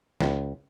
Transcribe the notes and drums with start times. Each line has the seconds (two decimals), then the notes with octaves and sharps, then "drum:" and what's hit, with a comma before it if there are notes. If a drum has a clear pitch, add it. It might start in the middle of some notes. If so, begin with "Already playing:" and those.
0.21 C#2, drum: snare